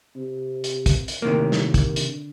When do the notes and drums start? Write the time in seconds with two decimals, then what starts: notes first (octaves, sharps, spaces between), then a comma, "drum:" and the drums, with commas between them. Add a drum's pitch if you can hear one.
0.16 C3
0.64 drum: hi-hat
0.86 drum: kick, hi-hat
1.08 drum: hi-hat
1.22 A2 C3 D#3 A#3
1.52 drum: snare
1.74 drum: kick, hi-hat
1.96 D3, drum: hi-hat